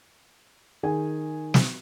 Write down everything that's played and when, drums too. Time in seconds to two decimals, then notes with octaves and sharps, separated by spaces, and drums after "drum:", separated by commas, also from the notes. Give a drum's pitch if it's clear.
0.83 D#3 G#4 G#5
1.54 drum: snare